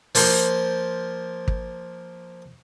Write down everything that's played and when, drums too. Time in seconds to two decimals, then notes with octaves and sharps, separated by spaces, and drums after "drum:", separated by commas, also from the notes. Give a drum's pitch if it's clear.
0.15 F3 A#3 C5, drum: open hi-hat
1.48 drum: kick